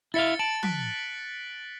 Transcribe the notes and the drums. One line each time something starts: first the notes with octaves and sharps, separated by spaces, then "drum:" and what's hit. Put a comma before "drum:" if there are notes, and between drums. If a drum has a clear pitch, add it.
E4 E5 F5 A6 C#7 G7
A5 D7 F#7
F#6 B6 D7, drum: tom